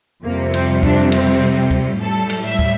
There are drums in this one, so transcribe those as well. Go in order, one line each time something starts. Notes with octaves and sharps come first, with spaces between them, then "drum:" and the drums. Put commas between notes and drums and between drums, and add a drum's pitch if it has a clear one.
F2 C3 G3 A#3
C4, drum: cymbal
D4, drum: kick
C4, drum: cymbal
drum: kick
A2 G3 A4
drum: cymbal
E5
drum: kick